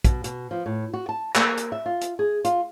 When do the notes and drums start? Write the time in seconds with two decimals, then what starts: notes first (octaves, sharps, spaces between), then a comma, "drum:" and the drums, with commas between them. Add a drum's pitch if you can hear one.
0.04 B2, drum: kick, hi-hat
0.24 B2, drum: hi-hat
0.51 F3
0.66 A2
0.94 F#4
1.09 A5
1.35 A#3, drum: clap
1.57 drum: hi-hat
1.72 E5
1.86 F4
2.01 drum: hi-hat
2.19 G#4
2.45 F4, drum: hi-hat